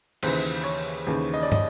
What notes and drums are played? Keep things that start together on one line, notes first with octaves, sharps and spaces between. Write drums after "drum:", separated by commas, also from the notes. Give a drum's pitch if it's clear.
D#2 C#3 E3 C5, drum: cymbal
C#5
D#2 C#3 E3
D#5
D5
D#5, drum: tom